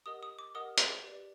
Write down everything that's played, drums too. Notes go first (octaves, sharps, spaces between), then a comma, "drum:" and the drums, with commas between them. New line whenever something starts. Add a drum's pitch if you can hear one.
G4 A#4 D#5 F#5 D#6
D#6
D6
G4 A#4 D#5 F#5 D#6
drum: hi-hat
G4 B4 D5